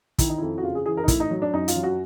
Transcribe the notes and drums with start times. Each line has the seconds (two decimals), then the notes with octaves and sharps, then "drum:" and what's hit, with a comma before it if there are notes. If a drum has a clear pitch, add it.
0.19 D#3 E4, drum: kick, hi-hat
0.29 D#4
0.38 F2 E4
0.58 F#4
0.63 C#3 F4
0.75 G#4
0.86 E3 G#4
0.97 A#4
1.04 D#4
1.08 A2 E4, drum: kick, hi-hat
1.20 D#4
1.31 F#3
1.42 D4
1.53 F#2 D#4
1.68 F4, drum: hi-hat
1.76 F#3
1.83 F#4